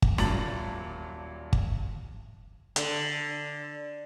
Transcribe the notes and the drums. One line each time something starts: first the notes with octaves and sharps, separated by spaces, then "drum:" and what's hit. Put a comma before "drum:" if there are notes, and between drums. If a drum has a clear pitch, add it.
drum: kick
D#1 A#2 F#3 A5 A6 F#7, drum: snare
drum: kick
D3, drum: hi-hat